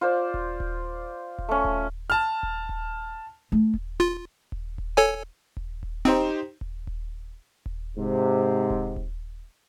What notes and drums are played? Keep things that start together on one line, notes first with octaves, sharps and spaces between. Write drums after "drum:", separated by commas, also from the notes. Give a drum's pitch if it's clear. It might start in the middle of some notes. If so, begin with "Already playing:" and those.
F4 C5 D5
drum: kick D#1
drum: kick D#1
drum: kick D#1
A3 C#4
drum: kick D#1
A5 F6
drum: kick D#1
drum: kick D#1
A3
drum: kick D#1
F4
drum: kick D#1
drum: kick D#1
A4 C#5 G#5
drum: kick D#1
drum: kick D#1
C4 D#4 G4 C5
drum: kick D#1
drum: kick D#1
drum: kick D#1
G#2 C3
drum: kick D#1
drum: kick D#1